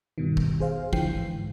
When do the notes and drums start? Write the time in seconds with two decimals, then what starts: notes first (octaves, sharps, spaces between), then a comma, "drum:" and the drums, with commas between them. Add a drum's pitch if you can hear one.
0.18 G2 B2 D#3
0.37 drum: kick
0.60 G#4 C5 F5
0.93 C#2 D3 E3 F3 G5 C7, drum: kick
1.16 G#2